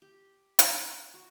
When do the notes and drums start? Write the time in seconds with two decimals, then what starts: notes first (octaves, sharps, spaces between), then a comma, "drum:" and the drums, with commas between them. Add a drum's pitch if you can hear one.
0.02 G4
0.59 drum: hi-hat
1.14 F#4